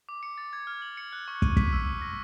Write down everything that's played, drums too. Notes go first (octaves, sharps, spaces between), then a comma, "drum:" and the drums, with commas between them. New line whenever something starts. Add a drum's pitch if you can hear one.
D6
C#7
A6
G#6
F6
F#7
C#7
F#6
C#6
D#7, drum: kick
B6, drum: kick
E6
C#6
A#6